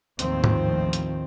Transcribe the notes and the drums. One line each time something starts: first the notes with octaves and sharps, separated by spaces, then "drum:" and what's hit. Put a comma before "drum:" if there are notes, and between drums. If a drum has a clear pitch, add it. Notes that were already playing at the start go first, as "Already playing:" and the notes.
A1 D#2 D#3 F3 C4, drum: hi-hat
drum: tom G#2
drum: hi-hat